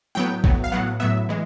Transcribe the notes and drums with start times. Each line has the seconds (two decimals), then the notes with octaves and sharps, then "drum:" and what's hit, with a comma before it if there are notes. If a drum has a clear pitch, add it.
0.15 A2 F#3 B3 G5
0.44 A2 F#3 B3, drum: kick
0.64 F5
0.72 A2 F#3 B3 F#5
1.00 A2 F#3 B3 E5
1.29 E3 G#3